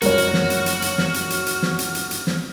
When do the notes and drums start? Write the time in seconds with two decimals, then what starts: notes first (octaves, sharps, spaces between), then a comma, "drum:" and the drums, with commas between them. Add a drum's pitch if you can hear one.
0.02 F1 C#2 F#2 F#4 A#4 C#5 F6, drum: hi-hat
0.18 drum: hi-hat
0.34 drum: snare
0.50 drum: hi-hat
0.66 drum: hi-hat
0.82 drum: hi-hat
0.98 drum: snare
1.14 drum: hi-hat
1.30 drum: hi-hat
1.46 drum: hi-hat
1.63 drum: snare
1.79 drum: hi-hat
1.95 drum: hi-hat
2.11 drum: hi-hat
2.27 drum: snare